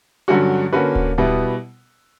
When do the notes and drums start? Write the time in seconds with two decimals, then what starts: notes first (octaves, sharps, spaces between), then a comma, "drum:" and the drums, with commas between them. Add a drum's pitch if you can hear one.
0.28 G2 D3 F#3 C#4 F#4
0.73 D3 A#3 C#4 F#4 B4
0.95 drum: kick D1
1.18 B2 G3 B3 E4